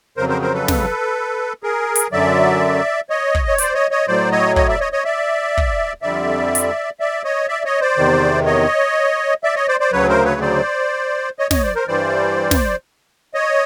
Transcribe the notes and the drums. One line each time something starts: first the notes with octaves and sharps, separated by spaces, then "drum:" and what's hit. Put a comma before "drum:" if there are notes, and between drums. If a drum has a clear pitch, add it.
F2 C#3 F#3 A#4 C5
A#4 C5
A#4 C5
A4 B4
drum: snare
G#4 A#4
drum: hi-hat
F#2 D3 F#3 D5 E5
C#5 D#5
drum: kick
C#5
C5 D5, drum: hi-hat
C#5 D#5
C#5 D#5
A2 F#3 C5 D5
C#5 D#5
C#5 D#5, drum: kick
D5 E5
C#5 D#5
C#5 D#5
D5 E5
drum: kick
F2 D3 G3 D5 E5
drum: hi-hat
D5 E5
C#5 D#5
D5 E5
C#5 D#5
C5 D5
E2 C3 D#3
C#5 D#5
D5 E5
C#5 D#5
C5 D5
C5 D5
D2 C#3 F#3 B4 C#5
A#4 C5
B4 C#5
C5 D5
C#5 D#5
C#5 D#5, drum: snare
C5 D5
A#4 C5
G2 E3 G3 C5 D5
drum: snare
C#5 D#5